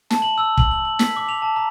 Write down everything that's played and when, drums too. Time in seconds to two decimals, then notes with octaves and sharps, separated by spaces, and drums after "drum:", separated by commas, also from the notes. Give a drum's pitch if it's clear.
0.10 A5, drum: snare
0.22 F#7
0.38 E6
0.57 F#7, drum: kick
0.71 F#7
0.85 F#7
0.99 B6, drum: snare
1.17 D6
1.29 F7
1.42 A5
1.56 A#5